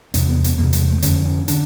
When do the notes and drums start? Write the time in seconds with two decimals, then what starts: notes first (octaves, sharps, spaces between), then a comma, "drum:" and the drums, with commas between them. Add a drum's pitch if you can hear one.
0.14 E2 C3 C4, drum: hi-hat
0.29 B3
0.44 B3, drum: hi-hat
0.58 E2 C3 A#3
0.73 G#3, drum: hi-hat
0.88 A3
1.02 F2 D3 C#4, drum: hi-hat
1.26 C#4
1.48 D3 D4, drum: hi-hat